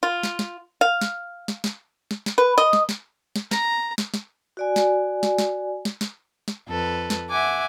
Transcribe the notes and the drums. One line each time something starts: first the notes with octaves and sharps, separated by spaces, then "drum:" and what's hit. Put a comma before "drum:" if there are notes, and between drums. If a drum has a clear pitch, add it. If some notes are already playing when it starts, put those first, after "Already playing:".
F4
drum: snare
drum: snare
F5
drum: snare
drum: snare
drum: snare
drum: snare
drum: snare
B4
D#5
drum: snare
drum: snare
drum: snare
A#5, drum: snare
drum: snare
drum: snare
F#4 D5 G#5
drum: snare
drum: snare
drum: snare
drum: snare
drum: snare
drum: snare
F2 A4 B4
drum: snare
E5 F#5 G#5 D6